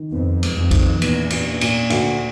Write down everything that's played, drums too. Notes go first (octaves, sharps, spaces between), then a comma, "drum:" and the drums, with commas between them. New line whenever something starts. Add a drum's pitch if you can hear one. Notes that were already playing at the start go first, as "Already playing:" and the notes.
Already playing: D#3
F2 B3
G#3, drum: cymbal
F2
D#3, drum: kick, cymbal
E2 A#2, drum: cymbal
A#2, drum: cymbal
A#2, drum: cymbal
D2, drum: cymbal